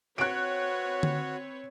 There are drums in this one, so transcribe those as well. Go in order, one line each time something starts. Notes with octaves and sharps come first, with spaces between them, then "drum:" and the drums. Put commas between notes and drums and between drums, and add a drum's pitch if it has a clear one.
C4 F#4 B4 C#5 F#6 D7
drum: tom D3